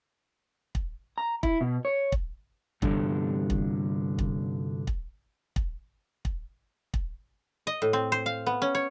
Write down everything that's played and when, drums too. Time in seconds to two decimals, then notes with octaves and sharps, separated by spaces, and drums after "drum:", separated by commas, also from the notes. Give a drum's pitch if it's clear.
0.75 drum: kick
1.18 A#5
1.43 E4, drum: kick
1.61 B2
1.85 C#5
2.12 drum: kick
2.82 C2 G2 D3, drum: kick
3.50 drum: kick
4.19 drum: kick
4.87 drum: kick
5.56 drum: kick
6.25 drum: kick
6.94 drum: kick
7.67 D#5
7.82 A2
7.93 C4
8.12 C5
8.26 F5
8.46 B3
8.62 C#4
8.75 C#5